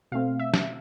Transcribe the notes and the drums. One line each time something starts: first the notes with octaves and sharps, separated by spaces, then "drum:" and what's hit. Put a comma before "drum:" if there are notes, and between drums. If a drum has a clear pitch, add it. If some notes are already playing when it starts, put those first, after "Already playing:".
B2 A3 C4 F5
E5
drum: snare